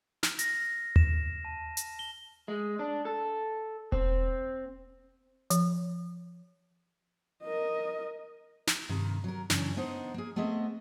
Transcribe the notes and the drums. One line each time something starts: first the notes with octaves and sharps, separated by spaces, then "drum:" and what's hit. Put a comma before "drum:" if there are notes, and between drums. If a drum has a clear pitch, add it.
F6, drum: snare
A#6, drum: hi-hat
E7, drum: tom D#2
A5
drum: hi-hat
G7
G#3
D4
A4
C4, drum: kick E1
F3, drum: hi-hat
A#4 D#5
drum: snare
G2 C3 D#3
F#3 A#4
F#2 C#3 E3 C#4 D4, drum: snare
B3 D4 D#4 C5
A#3 G#4
A3 B3 C4 G#4 D#5